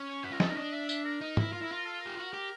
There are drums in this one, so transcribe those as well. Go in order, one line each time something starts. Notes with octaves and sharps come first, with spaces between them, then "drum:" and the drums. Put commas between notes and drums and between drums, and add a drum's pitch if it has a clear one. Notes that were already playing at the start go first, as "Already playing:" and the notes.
Already playing: C#4
C#5
F#4 B4
F4 A#4
E4 A4, drum: snare
D#4 A#4
D4 D#5
E5
E5, drum: tambourine
A#4
D#4
E4, drum: tom G#2
F4
E4
F4
A4
G4 A#4
F#4
G4